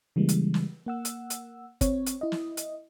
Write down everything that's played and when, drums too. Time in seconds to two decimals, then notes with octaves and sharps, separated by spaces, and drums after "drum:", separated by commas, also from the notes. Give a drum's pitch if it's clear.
0.16 C#3 E3 G3 G#3 A#3
0.29 drum: hi-hat
0.54 drum: snare
0.86 A#3 F#5 E6
1.05 drum: hi-hat
1.30 drum: hi-hat
1.81 C4 C#5, drum: kick, hi-hat
2.06 drum: hi-hat
2.21 E4 D#5
2.32 drum: snare
2.57 drum: hi-hat